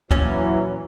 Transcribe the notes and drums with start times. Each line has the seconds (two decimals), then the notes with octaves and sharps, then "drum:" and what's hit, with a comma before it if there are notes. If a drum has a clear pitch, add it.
0.11 A#2 E3 F#3 C#4, drum: kick